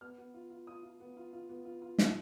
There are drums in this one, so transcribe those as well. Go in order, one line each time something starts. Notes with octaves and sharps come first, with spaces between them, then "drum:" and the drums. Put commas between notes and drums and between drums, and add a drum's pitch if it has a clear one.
B3 F6
B3
F4
F4
F4 D#6
F4
B3
F4
F4
B3
F4
F4
A#2, drum: snare